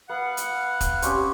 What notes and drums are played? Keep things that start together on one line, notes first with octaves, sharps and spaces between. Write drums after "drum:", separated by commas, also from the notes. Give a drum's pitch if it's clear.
B3 F5 F#5
drum: hi-hat
drum: kick, hi-hat
C4 C#4 G4, drum: hi-hat